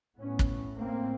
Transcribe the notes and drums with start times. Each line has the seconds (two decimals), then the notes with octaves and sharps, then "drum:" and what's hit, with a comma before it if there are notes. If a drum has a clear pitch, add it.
0.19 A2 B3 C#4
0.39 drum: kick
0.79 A#3 C4